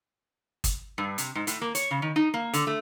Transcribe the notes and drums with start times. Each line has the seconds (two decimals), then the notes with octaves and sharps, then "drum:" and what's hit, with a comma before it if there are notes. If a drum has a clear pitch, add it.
0.64 drum: kick, hi-hat
0.98 G2
1.18 C3, drum: hi-hat
1.35 G#2
1.47 A2, drum: hi-hat
1.61 A#3
1.75 C#5, drum: hi-hat
1.91 C#3
2.02 D#3
2.16 D#4
2.34 A#3
2.53 D3, drum: hi-hat
2.67 A3